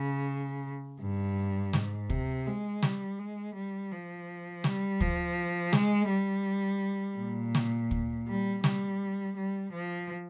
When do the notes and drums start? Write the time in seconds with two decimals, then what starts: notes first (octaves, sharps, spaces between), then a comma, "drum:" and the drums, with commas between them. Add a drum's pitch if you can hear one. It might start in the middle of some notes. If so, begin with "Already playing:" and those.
Already playing: C#3
1.00 G2
1.73 G#2, drum: snare
2.10 C3, drum: kick
2.46 G#3
2.82 G3, drum: snare
3.19 G#3
3.55 G3
3.91 F3
4.64 G3, drum: snare
5.00 F3, drum: kick
5.73 G#3, drum: snare
6.10 G3
7.18 A#2
7.55 drum: snare
7.91 drum: kick
8.27 G3
8.64 G3, drum: snare
9.37 G3
9.73 F3